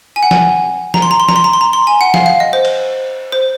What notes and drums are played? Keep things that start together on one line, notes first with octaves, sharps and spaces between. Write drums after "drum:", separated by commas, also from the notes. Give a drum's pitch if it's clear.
G#5
F#5
G#5, drum: snare
A#5, drum: snare
C6
A#5
C6
A#5, drum: snare
C6
A#5
C6
A#5
C6
G#5
F#5
F5, drum: snare
F5
D#5
C5
drum: cymbal
C5